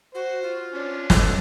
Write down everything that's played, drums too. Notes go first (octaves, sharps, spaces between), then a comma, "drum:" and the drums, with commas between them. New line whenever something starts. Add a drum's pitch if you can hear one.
F#4 C5
F4
C#4 D4
A4, drum: snare